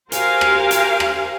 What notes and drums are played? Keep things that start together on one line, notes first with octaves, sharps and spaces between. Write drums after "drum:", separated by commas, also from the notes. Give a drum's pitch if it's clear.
F#4 G4 A#4 C5 F5 G#5, drum: hi-hat
drum: rim click
drum: hi-hat
drum: rim click